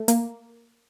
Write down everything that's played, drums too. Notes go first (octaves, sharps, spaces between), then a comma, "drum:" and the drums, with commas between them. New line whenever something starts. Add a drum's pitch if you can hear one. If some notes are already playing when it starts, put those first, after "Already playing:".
Already playing: A3
A#3, drum: hi-hat